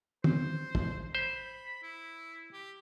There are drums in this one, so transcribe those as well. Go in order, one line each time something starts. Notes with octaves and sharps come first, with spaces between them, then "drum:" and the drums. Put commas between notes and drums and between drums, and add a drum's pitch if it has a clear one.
C5, drum: tom
drum: kick
C5 B5
E4
G4